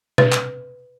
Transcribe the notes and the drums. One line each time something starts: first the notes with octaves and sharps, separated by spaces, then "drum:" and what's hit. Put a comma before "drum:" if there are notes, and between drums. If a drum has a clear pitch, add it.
B4, drum: tom B2
drum: clap